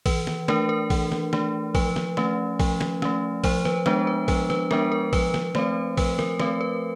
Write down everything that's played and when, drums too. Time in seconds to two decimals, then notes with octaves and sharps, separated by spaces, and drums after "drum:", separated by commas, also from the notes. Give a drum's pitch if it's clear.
0.06 E3 B4, drum: kick, open hi-hat
0.27 drum: snare
0.48 A3 D4 A#4, drum: snare
0.69 A#4
0.90 E3, drum: kick, open hi-hat
1.12 drum: snare
1.33 A3 D4, drum: snare
1.75 F3 B4, drum: kick, open hi-hat
1.96 drum: snare
2.17 A3 C#4, drum: snare
2.60 F3, drum: kick, open hi-hat
2.81 drum: snare
3.02 A3 C#4, drum: snare
3.44 F3 C5, drum: kick, open hi-hat
3.65 B4, drum: snare
3.86 G#3 B3 D4 B4, drum: snare
4.07 B4
4.28 F3 B4, drum: kick, open hi-hat
4.50 B4, drum: snare
4.71 G#3 B3 D4 A#4, drum: snare
4.92 A#4
5.13 F3 B4, drum: kick, open hi-hat
5.34 drum: snare
5.55 A3 C4 C5, drum: snare
5.97 F3 B4, drum: kick, open hi-hat
6.19 A#4, drum: snare
6.40 A3 C4 B4, drum: snare
6.61 B4